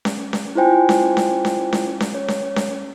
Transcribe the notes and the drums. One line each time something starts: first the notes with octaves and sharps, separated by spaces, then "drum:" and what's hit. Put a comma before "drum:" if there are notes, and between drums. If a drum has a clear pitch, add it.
drum: snare C#4
drum: snare C#4
E4 F4 C5 G5 G#5
drum: snare C#4
drum: snare C#4
drum: snare C#4
drum: snare C#4
drum: snare C#4
C#5
drum: snare C#4
drum: snare C#4